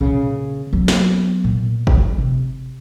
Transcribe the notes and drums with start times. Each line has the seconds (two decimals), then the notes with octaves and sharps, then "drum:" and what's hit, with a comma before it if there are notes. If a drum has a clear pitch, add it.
0.01 A#2 C#3
0.73 F#3 B3
0.88 drum: snare
1.44 A#2
1.87 drum: kick G1
2.18 C3